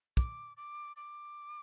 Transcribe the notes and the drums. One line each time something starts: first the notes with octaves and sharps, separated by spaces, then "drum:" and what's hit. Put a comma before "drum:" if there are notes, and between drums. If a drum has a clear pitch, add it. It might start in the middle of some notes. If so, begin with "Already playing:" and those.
D6, drum: kick
D6
D6